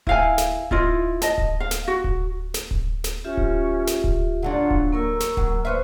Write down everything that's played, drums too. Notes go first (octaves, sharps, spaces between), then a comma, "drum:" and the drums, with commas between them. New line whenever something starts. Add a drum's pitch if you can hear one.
E4 F5 G#5, drum: kick D1
drum: snare
E4 F4 D#5, drum: kick D1
D#5 A5, drum: snare
drum: kick D1
F5
drum: snare
F#4
drum: kick D1
drum: snare
drum: kick D1
drum: snare
C#4 F4 G4 E5
drum: kick D1
drum: snare
drum: kick D1
D3 F#3 D4 F4 F#5
drum: kick D1
A#3 A#4 C#6 E6
drum: snare
F#3, drum: kick D1
E2 B4 C5 E5 C6 C#6 F6